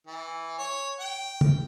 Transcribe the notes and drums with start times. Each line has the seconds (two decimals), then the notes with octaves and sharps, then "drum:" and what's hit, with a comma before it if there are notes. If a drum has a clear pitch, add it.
0.07 E3
0.59 C#5
1.00 G5
1.41 drum: tom